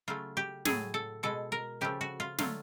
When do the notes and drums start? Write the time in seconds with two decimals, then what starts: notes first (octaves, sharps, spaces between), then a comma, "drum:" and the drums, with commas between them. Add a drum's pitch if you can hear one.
0.08 C#3 F#3 A3 F4
0.37 G4
0.65 A2 F#3 A3 G#4, drum: snare
0.94 A4
1.23 B2 G#3 A4
1.52 A#4
1.81 C#3 F3 A3 G4
2.01 F#4
2.20 F4
2.38 D3 F#3 A3 F4, drum: snare